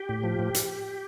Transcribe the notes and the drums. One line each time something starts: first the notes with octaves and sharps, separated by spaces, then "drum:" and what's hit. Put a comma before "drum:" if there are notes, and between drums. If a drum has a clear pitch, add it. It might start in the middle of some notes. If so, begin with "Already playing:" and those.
Already playing: G4
A2
F3
A2
drum: hi-hat